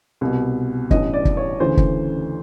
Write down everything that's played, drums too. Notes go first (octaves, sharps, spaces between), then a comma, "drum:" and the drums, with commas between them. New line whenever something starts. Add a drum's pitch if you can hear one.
C2 B2
A1 G2 E3 D#5, drum: kick
D5
drum: kick
C#5
D2 C#3 E3 C5
drum: kick